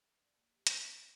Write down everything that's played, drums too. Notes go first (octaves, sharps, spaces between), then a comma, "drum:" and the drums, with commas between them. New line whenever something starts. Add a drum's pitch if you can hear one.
D5
A#3
G4
F#4, drum: hi-hat
C5
E5